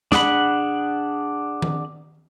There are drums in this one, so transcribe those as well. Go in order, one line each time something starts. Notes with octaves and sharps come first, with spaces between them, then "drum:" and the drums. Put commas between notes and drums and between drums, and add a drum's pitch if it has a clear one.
D4 G#4 F#5 B5, drum: snare
drum: tom D#3